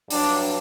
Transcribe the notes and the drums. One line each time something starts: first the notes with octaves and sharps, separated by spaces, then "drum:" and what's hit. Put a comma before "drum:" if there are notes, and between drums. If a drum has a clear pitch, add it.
G2 F#3 D4, drum: open hi-hat